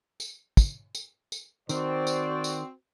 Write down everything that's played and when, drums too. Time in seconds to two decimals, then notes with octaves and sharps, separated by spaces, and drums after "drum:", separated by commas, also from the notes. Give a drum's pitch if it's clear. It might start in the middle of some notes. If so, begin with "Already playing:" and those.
0.20 drum: tambourine
0.57 drum: kick, tambourine
0.95 drum: tambourine
1.32 drum: tambourine
1.69 D#3 C4 F#4 C5 D5, drum: tambourine
2.07 drum: tambourine
2.44 drum: tambourine